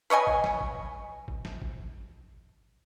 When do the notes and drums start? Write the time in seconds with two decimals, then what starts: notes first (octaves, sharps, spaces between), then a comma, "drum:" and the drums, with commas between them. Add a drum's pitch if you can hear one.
0.10 B4 C#5 D#5 G#5
0.27 drum: kick G#1
0.44 drum: snare
0.61 drum: kick G#1
1.28 drum: kick G#1
1.45 drum: snare
1.62 drum: kick G#1